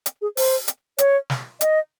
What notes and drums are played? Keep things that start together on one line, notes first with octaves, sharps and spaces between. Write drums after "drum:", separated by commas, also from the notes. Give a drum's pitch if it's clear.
drum: hi-hat
G#4
C5, drum: open hi-hat
drum: hi-hat
C#5, drum: hi-hat
drum: snare
D#5, drum: hi-hat